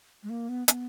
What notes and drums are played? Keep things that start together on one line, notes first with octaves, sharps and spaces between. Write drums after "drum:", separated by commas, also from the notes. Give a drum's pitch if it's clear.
G#3
A#3
B3
B3, drum: hi-hat